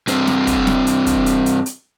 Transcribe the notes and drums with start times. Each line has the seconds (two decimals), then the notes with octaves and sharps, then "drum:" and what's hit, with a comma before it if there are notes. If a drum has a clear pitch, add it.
0.08 G2 C4, drum: hi-hat
0.27 drum: snare
0.47 drum: kick, hi-hat
0.67 drum: snare
0.87 drum: hi-hat
1.06 drum: kick, hi-hat
1.26 drum: hi-hat
1.46 drum: hi-hat
1.66 drum: hi-hat